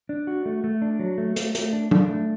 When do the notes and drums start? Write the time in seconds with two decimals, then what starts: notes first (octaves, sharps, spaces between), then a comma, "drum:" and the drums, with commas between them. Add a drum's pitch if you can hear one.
0.09 D4
0.27 F#4
0.46 A3
0.64 A3
0.82 D4
0.99 F#3
1.18 A3
1.36 A3, drum: hi-hat
1.55 A3, drum: hi-hat
1.73 D4
1.91 D4, drum: tom F#3
2.09 A3